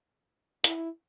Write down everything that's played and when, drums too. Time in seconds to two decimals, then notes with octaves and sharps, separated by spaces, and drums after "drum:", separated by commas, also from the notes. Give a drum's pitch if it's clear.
0.64 E4, drum: hi-hat